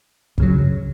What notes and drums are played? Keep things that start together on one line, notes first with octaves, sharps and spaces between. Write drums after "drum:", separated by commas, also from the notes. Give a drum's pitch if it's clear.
F#2 C#3 F#3, drum: kick